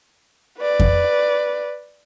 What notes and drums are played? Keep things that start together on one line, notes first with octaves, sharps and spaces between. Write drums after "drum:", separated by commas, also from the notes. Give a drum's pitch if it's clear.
B4 D5
drum: kick F2